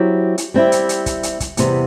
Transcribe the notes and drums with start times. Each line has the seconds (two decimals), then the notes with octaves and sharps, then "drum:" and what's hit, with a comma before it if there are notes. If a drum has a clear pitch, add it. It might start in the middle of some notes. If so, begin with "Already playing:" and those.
Already playing: F#3 C4 E4 G4
0.38 drum: hi-hat
0.54 G3 C4 E4 G4
0.72 drum: hi-hat
0.89 drum: hi-hat
1.06 drum: kick, hi-hat
1.23 drum: hi-hat
1.40 drum: kick, hi-hat
1.57 E2 C3 G3 B3, drum: hi-hat